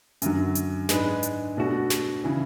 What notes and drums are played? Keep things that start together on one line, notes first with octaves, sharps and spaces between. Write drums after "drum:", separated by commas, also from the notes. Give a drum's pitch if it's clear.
F#2 D3 F#3, drum: hi-hat
drum: hi-hat
G#2 G#3 D4 G#4 B4, drum: snare
drum: hi-hat
B2 A3 D4 F#4
drum: snare
C#3 E3